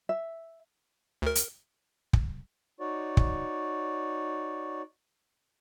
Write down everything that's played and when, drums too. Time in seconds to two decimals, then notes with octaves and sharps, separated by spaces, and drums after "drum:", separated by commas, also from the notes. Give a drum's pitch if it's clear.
0.09 E5
1.22 D2 A#4
1.35 drum: hi-hat
2.13 drum: kick
2.80 D#4 F#4 C#5 D5
3.17 drum: kick